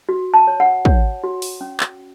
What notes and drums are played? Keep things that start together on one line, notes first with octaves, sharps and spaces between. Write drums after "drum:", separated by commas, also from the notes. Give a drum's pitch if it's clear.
F#4
A5
C#5
F#5
C#5, drum: kick
F#4
drum: open hi-hat
C#4
drum: clap